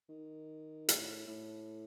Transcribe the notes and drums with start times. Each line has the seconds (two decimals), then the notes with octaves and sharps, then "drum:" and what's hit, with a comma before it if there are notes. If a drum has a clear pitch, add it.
0.09 D#3
0.89 A2, drum: hi-hat
1.28 A2